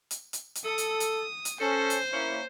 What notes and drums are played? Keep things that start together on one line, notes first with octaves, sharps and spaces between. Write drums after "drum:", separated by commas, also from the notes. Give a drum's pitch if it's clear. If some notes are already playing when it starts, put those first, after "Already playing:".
drum: hi-hat
drum: hi-hat
drum: hi-hat
A4 D#6
drum: hi-hat
drum: hi-hat
drum: hi-hat
C#4 A4 C5
drum: hi-hat
A#3 C#4 E4